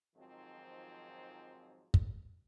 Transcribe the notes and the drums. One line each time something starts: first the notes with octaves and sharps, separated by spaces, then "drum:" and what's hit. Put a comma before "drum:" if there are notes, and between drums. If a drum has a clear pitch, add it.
F2 G#2 D#3 F3 F#3 C4
drum: kick